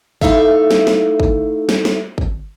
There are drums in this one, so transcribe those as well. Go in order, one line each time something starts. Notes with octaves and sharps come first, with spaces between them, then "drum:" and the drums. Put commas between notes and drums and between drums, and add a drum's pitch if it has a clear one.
A3 D#4 E4 A4 E5 F5, drum: kick
drum: snare
drum: snare
drum: kick
drum: snare
drum: snare
drum: kick